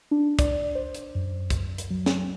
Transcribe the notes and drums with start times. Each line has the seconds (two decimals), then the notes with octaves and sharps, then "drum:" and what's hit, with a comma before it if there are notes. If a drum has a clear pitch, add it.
0.11 D4
0.39 D5, drum: kick, hi-hat
0.75 C5
0.95 drum: hi-hat
1.15 F#2
1.50 drum: kick, hi-hat
1.78 drum: hi-hat
1.90 F#3
2.06 drum: snare